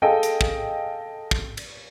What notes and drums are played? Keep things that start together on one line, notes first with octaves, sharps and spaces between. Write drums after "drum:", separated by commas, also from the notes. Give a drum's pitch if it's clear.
G#4 A4 D#5 F5 G5 G#5
drum: hi-hat
drum: kick
drum: kick
drum: cymbal